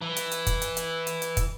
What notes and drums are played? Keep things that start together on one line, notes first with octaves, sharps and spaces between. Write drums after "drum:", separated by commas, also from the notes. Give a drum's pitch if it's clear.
E3
drum: hi-hat
drum: hi-hat
drum: kick, hi-hat
drum: hi-hat
drum: hi-hat
drum: hi-hat
drum: hi-hat
drum: kick, hi-hat